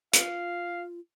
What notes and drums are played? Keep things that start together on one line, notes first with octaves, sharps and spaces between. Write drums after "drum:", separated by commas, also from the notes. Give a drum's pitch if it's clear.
F4 F5, drum: hi-hat